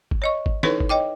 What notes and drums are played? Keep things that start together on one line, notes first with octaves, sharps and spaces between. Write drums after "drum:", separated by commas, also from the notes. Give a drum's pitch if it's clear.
drum: kick G#1
C#5 D#5 C#6
drum: kick G#1
D#4 E4 A4 B4 C#5, drum: snare
drum: kick G#1
C#5 D#5 G5 D6